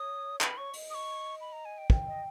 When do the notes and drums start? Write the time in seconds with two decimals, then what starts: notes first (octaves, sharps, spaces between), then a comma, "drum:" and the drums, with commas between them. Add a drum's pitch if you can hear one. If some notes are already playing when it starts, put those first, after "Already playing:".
Already playing: C#5 D#6
0.41 B4 B5, drum: clap
0.57 C#5 C#6
0.74 D#5, drum: open hi-hat
0.90 D#6
0.95 C#6
1.41 B5
1.53 A#5
1.65 G#5
1.78 G5
1.90 G5, drum: kick
2.07 D#5